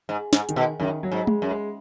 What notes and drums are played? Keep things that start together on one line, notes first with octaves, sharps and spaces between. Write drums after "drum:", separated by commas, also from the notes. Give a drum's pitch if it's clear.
G#2
G#2, drum: snare
D#3, drum: hi-hat
B2
F#2 D#3
F#3
G#2
G#3, drum: tom G#3
F#2
G#3